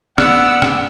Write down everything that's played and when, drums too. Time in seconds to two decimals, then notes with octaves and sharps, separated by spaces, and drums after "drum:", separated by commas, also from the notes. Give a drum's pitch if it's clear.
0.18 B3 D5 F#5 E6, drum: rim click
0.62 drum: rim click